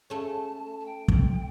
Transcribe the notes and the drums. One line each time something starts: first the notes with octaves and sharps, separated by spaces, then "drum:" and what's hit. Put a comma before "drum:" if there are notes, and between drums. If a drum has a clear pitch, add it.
A3 C#4 A5
A5
G5
drum: kick